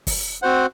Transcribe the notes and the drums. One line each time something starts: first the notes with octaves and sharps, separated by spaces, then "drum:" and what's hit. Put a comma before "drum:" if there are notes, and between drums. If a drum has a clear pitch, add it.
drum: kick, open hi-hat
C4 F#4 C5 F#5